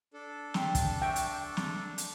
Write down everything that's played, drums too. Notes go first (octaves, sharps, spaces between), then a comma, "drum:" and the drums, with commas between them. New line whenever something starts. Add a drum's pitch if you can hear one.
D4 A4
G4 C6, drum: snare
drum: kick, hi-hat
E5 G5 C#6
drum: hi-hat
drum: snare
drum: hi-hat